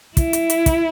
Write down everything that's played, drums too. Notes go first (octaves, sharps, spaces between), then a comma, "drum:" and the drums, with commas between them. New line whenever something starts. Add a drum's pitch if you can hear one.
E4, drum: kick, hi-hat
drum: hi-hat
drum: hi-hat
drum: kick, hi-hat